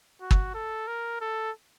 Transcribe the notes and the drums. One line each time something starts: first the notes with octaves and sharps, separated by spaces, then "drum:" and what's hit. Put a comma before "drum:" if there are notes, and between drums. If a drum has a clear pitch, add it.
F#4
drum: kick
A4
A#4
A4